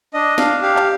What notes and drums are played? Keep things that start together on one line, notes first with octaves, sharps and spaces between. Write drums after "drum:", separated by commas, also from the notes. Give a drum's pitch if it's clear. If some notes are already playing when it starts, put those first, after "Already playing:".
D4 D#5
D4 F5, drum: snare
G4 F5
drum: clap